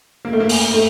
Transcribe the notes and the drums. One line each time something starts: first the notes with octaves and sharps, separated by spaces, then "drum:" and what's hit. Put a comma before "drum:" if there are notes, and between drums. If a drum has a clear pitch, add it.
A#3
A3
A#3
drum: open hi-hat
A3